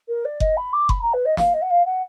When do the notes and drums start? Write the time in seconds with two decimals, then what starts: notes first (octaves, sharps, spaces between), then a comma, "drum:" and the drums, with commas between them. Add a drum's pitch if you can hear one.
0.08 A#4
0.25 D5
0.40 D#5, drum: kick F#1
0.56 B5
0.73 D6
0.89 B5, drum: kick F#1
1.01 A#5
1.13 B4
1.25 D#5
1.37 F5, drum: snare
1.53 D#5
1.61 F#5
1.70 F5
1.85 F#5